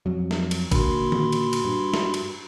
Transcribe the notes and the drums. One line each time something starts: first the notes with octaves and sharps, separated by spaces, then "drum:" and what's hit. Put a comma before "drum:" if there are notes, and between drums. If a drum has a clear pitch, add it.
F2 F#3
drum: snare
drum: cymbal
A#2 D3 A#3 F#4 B5 C6, drum: kick, cymbal
drum: tom D#3
drum: cymbal
drum: cymbal
G2
drum: snare
drum: cymbal